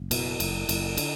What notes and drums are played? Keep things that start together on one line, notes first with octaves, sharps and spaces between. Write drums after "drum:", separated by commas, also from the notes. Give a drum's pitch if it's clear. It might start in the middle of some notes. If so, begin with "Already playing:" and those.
Already playing: F#1
B2, drum: cymbal
F#1, drum: cymbal
F#1, drum: cymbal
D3, drum: cymbal